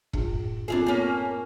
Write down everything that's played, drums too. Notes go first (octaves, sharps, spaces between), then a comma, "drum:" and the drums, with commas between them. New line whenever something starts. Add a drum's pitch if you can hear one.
F#2 A2 D4, drum: kick E1
C4 D4 E4 F4 G#4
A#3 C#4